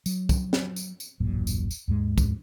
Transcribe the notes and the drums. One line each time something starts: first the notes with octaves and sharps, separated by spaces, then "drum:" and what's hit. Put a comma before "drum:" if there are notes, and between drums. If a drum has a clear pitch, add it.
F#3, drum: tambourine
drum: kick, tambourine
drum: snare
drum: tambourine
drum: tambourine
D#1 A1 F#2 A#2
drum: tambourine
drum: tambourine
D#2 G#2 G#3
drum: kick, tambourine